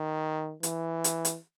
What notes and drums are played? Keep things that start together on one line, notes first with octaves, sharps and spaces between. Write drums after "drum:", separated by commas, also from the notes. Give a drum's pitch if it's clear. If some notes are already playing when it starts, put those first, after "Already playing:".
Already playing: D#3
E3, drum: hi-hat
drum: hi-hat
drum: hi-hat